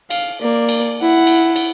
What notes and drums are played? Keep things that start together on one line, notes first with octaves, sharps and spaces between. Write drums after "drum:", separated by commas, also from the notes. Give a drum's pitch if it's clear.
F5, drum: cymbal
A#3 D5
drum: cymbal
E4 F#5
drum: cymbal
drum: cymbal